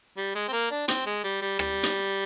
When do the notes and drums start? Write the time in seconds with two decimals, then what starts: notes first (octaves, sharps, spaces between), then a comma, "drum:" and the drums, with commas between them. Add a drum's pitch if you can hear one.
0.17 G3
0.35 G#3
0.48 C4
0.53 A#3
0.71 D4
0.88 C4, drum: hi-hat
1.06 G#3
1.24 G3
1.42 G3
1.59 G3, drum: rim click
1.83 drum: hi-hat